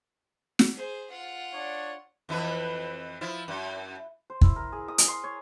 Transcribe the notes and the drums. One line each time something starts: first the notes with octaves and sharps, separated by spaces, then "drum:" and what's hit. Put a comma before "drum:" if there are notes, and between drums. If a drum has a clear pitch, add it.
drum: snare
G#4 C5
F4 F#5
D4 C#5
F2 E3 B4
F3 E4
F#2
C5
E4, drum: kick
A#4
G#4
D#6
drum: hi-hat
C6
C#5